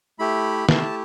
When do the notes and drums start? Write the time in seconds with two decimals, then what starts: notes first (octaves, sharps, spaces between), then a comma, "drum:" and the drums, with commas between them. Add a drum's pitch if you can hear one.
0.19 A3 E4 G4 B5
0.69 A3 E4 G4 A5, drum: snare